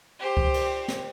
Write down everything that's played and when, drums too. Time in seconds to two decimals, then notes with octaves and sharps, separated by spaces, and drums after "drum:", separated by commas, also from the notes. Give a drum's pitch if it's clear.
0.20 G4 C5
0.37 drum: kick C#2
0.54 drum: cymbal
0.88 drum: snare